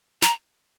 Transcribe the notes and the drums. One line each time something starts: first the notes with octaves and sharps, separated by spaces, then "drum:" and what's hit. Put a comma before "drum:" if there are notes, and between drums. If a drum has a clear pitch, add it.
A#5, drum: snare